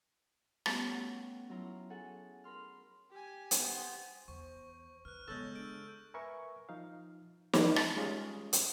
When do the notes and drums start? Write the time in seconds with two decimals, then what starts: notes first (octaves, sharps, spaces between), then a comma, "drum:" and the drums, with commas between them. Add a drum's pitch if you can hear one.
0.66 G3 A3 B3 C#4 F4 F#4, drum: rim click
0.91 F#5 G5
1.49 F#3 C#4 E4 F4 A#5
1.90 G#4 A4 F#5 G#5
2.44 A#4 B5 C6 F6
3.10 G4 G#5
3.51 B3 C5, drum: hi-hat
4.28 E2 C5 C#6
5.05 D4 B4 F6 F#6
5.28 C#3 G#3 B3 A4 C#5 C#6 E6 G6
5.56 D4 D7
6.14 A#4 B4 E5 G#5 C#6
6.69 F3 D#4 F5
7.53 E3 G#3 C#4 F4, drum: snare
7.76 drum: rim click
7.97 G3 G#3 C#4 F4 G#4 D#6
8.53 drum: hi-hat